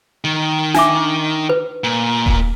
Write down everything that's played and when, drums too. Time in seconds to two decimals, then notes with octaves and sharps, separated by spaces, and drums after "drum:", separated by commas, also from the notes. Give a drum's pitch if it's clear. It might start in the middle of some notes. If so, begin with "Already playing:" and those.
0.24 D#3
0.74 D4 E5 D6, drum: snare
1.49 B4
1.84 A#2
2.26 drum: kick D#1